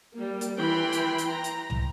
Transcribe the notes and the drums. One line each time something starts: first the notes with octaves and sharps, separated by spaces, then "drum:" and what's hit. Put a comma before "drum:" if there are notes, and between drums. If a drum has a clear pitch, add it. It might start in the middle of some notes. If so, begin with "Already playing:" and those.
G3 A#3
drum: hi-hat
E3 G5 B5 C6
drum: hi-hat
drum: hi-hat
A#5
drum: hi-hat
drum: tom